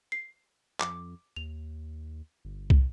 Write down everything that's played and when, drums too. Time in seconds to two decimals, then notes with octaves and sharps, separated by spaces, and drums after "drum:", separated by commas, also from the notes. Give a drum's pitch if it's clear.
0.12 C7
0.80 F2 D6, drum: clap
1.36 D#2 F7
2.45 G1
2.70 drum: kick